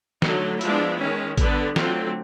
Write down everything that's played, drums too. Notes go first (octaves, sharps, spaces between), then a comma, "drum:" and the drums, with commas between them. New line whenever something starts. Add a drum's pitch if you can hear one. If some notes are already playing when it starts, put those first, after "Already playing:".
D3 F#3 A3 D#4, drum: snare
F3 G#3 B3 D4 E4, drum: hi-hat
D#3 G#3 C#4
D3 G3 B3 D4, drum: kick A1, hi-hat
D3 F#3 A3 C4 F4, drum: snare